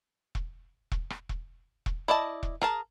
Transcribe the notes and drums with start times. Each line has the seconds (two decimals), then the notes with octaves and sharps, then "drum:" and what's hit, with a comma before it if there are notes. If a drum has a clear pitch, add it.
0.35 drum: kick E1
0.92 drum: kick E1
1.10 drum: rim click
1.29 drum: kick E1
1.86 drum: kick E1
2.08 E4 D5 D#5 A5
2.43 drum: kick E1
2.62 G#4 A#4 A5, drum: rim click